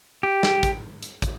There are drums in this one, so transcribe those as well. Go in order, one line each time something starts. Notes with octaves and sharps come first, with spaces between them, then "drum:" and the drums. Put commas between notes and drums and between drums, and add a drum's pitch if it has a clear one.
G4
drum: snare
drum: kick, hi-hat
drum: hi-hat
drum: kick, hi-hat